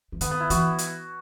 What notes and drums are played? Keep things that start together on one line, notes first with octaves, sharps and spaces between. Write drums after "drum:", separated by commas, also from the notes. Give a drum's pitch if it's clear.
E3
D#3 B3, drum: hi-hat
B3
E4
E3 F#4, drum: hi-hat
drum: hi-hat